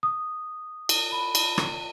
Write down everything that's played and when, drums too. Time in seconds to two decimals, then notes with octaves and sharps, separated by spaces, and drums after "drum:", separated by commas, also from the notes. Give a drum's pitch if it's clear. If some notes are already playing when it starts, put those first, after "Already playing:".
0.03 D#6
0.89 drum: cymbal
1.12 B5
1.35 drum: cymbal
1.58 drum: rim click